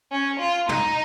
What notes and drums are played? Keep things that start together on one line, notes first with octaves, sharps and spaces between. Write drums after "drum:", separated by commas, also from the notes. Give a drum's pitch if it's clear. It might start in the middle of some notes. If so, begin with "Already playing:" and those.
C#4
F4
D#4, drum: tom